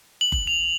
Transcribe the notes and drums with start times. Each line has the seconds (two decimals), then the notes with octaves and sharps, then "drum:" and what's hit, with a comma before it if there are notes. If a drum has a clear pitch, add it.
0.21 F#7
0.32 drum: kick F#1
0.47 F7